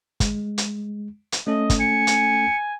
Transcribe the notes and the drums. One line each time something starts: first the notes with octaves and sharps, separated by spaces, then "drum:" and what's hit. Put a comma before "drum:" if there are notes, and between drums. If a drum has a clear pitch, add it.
G#3, drum: kick, hi-hat
drum: hi-hat
drum: hi-hat
A3 C#4 A4 D#5
drum: kick, hi-hat
G#5 C#7
drum: hi-hat